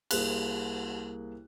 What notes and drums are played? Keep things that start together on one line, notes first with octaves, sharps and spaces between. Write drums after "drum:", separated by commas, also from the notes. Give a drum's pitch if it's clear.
C2 A#3 G#4 F#6, drum: cymbal